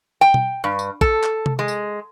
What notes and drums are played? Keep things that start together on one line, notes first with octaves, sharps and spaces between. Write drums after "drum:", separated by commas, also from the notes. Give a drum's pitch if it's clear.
G5
drum: tom B2
G2
drum: tambourine
A4, drum: kick
drum: clap
drum: tom C3
G#3
drum: tambourine